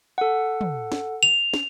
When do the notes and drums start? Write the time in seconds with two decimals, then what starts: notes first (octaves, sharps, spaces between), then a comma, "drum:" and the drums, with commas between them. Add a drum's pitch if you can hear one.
0.18 A4 F#5
0.61 drum: tom
0.92 drum: snare
1.23 F7
1.54 drum: snare